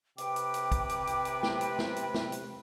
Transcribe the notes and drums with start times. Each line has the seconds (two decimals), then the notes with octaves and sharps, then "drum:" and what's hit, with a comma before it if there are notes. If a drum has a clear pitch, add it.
0.18 C3 B4 G5 D6, drum: hi-hat
0.36 drum: hi-hat
0.54 drum: hi-hat
0.72 drum: kick, hi-hat
0.89 drum: hi-hat
1.07 drum: hi-hat
1.25 drum: hi-hat
1.43 drum: snare
1.61 drum: hi-hat
1.79 drum: snare
1.96 drum: hi-hat
2.14 drum: snare
2.32 drum: hi-hat